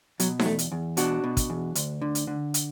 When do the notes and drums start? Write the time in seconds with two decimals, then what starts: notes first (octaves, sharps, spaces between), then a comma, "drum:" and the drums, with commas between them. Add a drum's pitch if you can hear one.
0.20 B2 F#3, drum: hi-hat
0.39 F#3, drum: snare D#4
0.45 E2 A3
0.59 drum: hi-hat
0.72 E2
0.97 B2 D4 F#4, drum: hi-hat
1.24 B2
1.37 drum: kick, hi-hat
1.50 E2
1.75 D2, drum: hi-hat
2.02 D3
2.15 drum: hi-hat
2.27 D3
2.54 drum: hi-hat